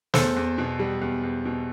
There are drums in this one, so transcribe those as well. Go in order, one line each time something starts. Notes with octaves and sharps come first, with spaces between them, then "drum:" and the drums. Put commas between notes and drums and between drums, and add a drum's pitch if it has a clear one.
E2 A4 C5, drum: snare
E2
B2
G3
E2
E2
B2